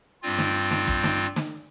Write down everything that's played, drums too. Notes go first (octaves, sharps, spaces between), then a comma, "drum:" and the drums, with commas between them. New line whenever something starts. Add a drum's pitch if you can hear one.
G2 G3 C4 F4
drum: snare
drum: snare
drum: kick
drum: snare
drum: snare